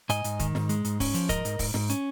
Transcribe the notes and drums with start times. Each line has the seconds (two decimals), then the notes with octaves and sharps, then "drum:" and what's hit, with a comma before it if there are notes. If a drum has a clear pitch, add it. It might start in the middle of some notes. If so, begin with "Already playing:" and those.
0.09 G#2 D#5 G#5, drum: hi-hat
0.24 G#2, drum: hi-hat
0.39 D#3, drum: kick, hi-hat
0.55 G#2, drum: snare
0.69 G#3, drum: hi-hat
0.85 G#2, drum: hi-hat
1.00 C#4, drum: kick, open hi-hat
1.14 F3, drum: hi-hat
1.29 G#2 A#4 D#5, drum: kick, hi-hat
1.45 G#2, drum: hi-hat
1.59 G#2, drum: kick, open hi-hat
1.74 G#2, drum: snare
1.90 C#4, drum: hi-hat